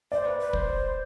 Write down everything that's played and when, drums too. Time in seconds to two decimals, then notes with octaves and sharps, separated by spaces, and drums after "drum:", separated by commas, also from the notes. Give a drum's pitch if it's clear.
0.12 C5 D5
0.26 B4
0.40 B4
0.53 C5, drum: kick